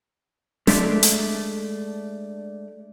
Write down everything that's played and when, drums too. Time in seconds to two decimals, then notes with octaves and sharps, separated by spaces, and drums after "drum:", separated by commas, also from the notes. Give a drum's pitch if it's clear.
0.67 G#3 A3 D4, drum: snare
1.03 drum: hi-hat